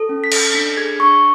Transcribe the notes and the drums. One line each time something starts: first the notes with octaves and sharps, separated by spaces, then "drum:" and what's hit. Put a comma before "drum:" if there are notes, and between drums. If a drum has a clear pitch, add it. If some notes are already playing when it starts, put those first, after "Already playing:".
Already playing: A4
C#4
B6
A4, drum: cymbal
D4 B6
G#4 G#6
D4 C#6